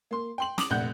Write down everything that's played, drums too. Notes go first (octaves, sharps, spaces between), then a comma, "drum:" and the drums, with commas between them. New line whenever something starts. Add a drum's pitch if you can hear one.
A#3 C6
G5 C6 F#7
D6 D#6 F7 F#7, drum: snare
F1 A#1 F#5 F#6 G6